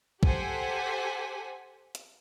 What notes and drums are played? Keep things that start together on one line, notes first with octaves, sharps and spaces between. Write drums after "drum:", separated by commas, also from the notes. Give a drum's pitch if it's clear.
G4 A4 C5 F#5 G#5 B6, drum: kick
drum: hi-hat